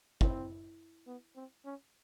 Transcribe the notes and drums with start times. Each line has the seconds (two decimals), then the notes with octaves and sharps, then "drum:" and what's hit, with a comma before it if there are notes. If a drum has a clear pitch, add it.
0.21 C4 E4, drum: kick
1.07 B3
1.36 C4
1.65 C#4